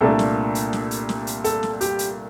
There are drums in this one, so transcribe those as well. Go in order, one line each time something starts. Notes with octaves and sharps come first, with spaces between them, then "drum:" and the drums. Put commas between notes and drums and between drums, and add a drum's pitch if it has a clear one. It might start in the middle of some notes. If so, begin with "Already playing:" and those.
C2 A#2 A3 D4 A4
drum: snare
drum: hi-hat
drum: snare
drum: hi-hat
drum: snare
drum: hi-hat
A4, drum: hi-hat
drum: snare
G4, drum: hi-hat
drum: hi-hat